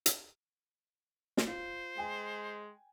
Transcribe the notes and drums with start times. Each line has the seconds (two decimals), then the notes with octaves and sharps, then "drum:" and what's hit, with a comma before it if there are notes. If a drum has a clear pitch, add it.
0.06 drum: hi-hat
1.37 drum: snare
1.48 F4 C5
1.98 G#3 G5 G#5